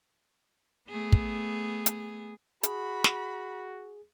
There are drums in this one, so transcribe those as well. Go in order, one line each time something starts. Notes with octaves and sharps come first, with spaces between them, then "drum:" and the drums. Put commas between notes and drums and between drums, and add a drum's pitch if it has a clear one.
A3 B3 G#4
drum: kick
drum: hi-hat
F#4 G#4 B5, drum: hi-hat
drum: snare